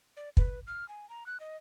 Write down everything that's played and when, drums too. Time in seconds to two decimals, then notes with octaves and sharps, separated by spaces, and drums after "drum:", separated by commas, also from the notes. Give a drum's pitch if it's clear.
0.17 D5
0.37 B4, drum: kick
0.67 F6
0.89 G#5
1.09 A#5
1.26 F#6
1.40 D#5